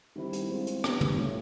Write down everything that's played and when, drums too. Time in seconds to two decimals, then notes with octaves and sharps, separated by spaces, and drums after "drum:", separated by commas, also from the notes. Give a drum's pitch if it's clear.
0.16 D#3 G3 C4 E4
0.33 drum: hi-hat
0.50 G#3 C4 F4
0.67 drum: hi-hat
0.84 G3 B3 D4, drum: rim click
1.01 drum: tom
1.18 A3 C#4 F4